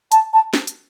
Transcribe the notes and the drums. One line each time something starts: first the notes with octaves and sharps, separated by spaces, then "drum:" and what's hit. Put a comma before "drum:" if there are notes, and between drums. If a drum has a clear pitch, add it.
A5, drum: hi-hat
A5
drum: snare
drum: hi-hat